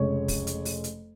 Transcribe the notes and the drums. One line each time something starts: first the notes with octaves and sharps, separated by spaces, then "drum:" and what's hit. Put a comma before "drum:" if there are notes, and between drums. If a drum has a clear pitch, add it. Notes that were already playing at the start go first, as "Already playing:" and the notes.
Already playing: F1 F2 C#3 G#3 C#5
drum: kick, open hi-hat
drum: hi-hat
drum: open hi-hat
drum: hi-hat